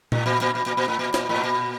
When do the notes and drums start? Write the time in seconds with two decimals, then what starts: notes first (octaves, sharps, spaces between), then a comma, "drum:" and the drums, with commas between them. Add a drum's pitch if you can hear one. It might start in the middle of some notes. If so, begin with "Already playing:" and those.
0.12 A2, drum: tom A#2
0.26 A#2
0.41 A#2
0.55 A#2
0.66 A#2
0.77 A#2
0.88 A2
0.99 A#2
1.14 A#2, drum: snare
1.29 A2
1.36 B2
1.43 A#2